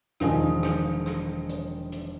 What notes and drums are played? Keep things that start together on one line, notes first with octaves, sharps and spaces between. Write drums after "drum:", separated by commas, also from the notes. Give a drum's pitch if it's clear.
E1 D#3 F3 G#5 D#6, drum: rim click
drum: rim click
drum: rim click
drum: hi-hat
drum: hi-hat